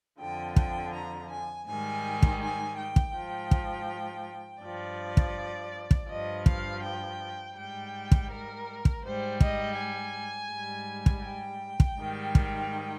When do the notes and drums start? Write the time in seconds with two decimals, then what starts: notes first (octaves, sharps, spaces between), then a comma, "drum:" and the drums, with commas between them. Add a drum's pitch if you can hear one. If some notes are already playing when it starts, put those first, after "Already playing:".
0.20 F2 D3 F3 G5
0.56 G5, drum: kick
0.94 A#5
1.31 G#5
1.67 G#2 D#3 G3 G#5
2.22 drum: kick
2.40 G#5
2.78 G5
2.96 drum: kick
3.15 G#2 F3
3.51 drum: kick
4.62 G2 F3 D5
5.17 drum: kick
5.91 drum: kick
6.09 G2 F3 D#5
6.46 F5, drum: kick
6.83 G5
7.56 G#2 G3 G5
8.12 drum: kick
8.30 A#4
8.85 drum: kick
9.04 G#2 G3 C5
9.40 D#5, drum: kick
9.77 G#5
10.51 G#2 G3
11.06 drum: kick
11.24 G5
11.80 drum: kick
11.98 G#2 D#3 G3
12.35 drum: kick